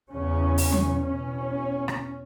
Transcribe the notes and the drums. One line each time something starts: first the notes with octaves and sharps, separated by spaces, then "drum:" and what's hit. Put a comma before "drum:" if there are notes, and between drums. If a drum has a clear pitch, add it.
E2 C#3 C#4
drum: open hi-hat
drum: tom
E2 B2 C#4
drum: rim click